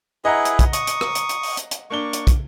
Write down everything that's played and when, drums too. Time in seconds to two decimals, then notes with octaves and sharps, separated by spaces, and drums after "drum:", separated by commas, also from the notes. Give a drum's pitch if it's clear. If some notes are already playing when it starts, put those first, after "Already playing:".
0.25 E4 G#4 B4 D#5 F#5 A#5
0.45 drum: hi-hat
0.59 drum: kick, hi-hat
0.73 C#6 D#6, drum: hi-hat
0.87 drum: hi-hat
1.01 drum: rim click
1.15 drum: hi-hat
1.29 drum: hi-hat
1.43 drum: open hi-hat
1.57 drum: hi-hat
1.71 drum: hi-hat
1.90 A#3 D4 C#6 G7
2.13 drum: hi-hat
2.27 drum: kick, hi-hat